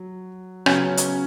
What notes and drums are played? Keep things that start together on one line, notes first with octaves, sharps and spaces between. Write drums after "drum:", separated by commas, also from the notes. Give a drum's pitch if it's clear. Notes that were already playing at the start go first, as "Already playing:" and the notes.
Already playing: F#3
C#3 F#3 B3 C#4, drum: rim click
drum: hi-hat